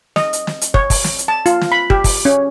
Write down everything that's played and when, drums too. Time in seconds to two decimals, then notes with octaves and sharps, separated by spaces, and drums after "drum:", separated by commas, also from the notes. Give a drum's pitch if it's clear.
0.16 D#5, drum: snare
0.33 drum: hi-hat
0.47 drum: snare
0.61 drum: hi-hat
0.74 C#5, drum: kick
0.90 drum: kick, open hi-hat
1.04 drum: snare
1.19 drum: hi-hat
1.28 A5
1.46 F4, drum: hi-hat
1.61 drum: snare
1.72 B5
1.90 G4, drum: kick
2.04 drum: kick, open hi-hat
2.25 C#4